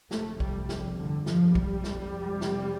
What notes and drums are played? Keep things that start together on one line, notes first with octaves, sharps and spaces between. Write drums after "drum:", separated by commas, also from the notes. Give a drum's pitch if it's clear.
G1 F2 C3 A3, drum: snare
G3, drum: kick
drum: snare
D3
F3, drum: snare
G3, drum: kick
F1 F2 C3, drum: snare
drum: snare